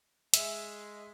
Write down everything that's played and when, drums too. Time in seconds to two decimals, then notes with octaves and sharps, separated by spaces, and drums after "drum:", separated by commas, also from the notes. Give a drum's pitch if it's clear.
0.34 G#3 E5, drum: hi-hat